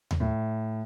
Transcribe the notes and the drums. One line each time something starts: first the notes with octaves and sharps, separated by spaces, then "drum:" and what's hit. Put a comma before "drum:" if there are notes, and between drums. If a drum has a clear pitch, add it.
drum: tom D#2
A2